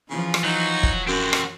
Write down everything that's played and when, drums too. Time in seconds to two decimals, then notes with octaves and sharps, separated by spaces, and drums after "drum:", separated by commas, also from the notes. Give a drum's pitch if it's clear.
0.10 C#3 E3 F3
0.34 drum: rim click
0.44 F#3 D#4 F#4
0.83 drum: kick
1.08 F#2 C4 F#4
1.33 drum: rim click